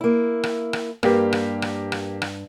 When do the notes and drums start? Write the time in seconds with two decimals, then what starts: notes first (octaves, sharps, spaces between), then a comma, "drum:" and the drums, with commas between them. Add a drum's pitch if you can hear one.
0.01 A#3 E4
0.43 drum: rim click
0.73 drum: rim click
1.03 G2 A#3 G4, drum: rim click
1.33 drum: rim click
1.62 drum: rim click
1.92 drum: rim click
2.22 drum: rim click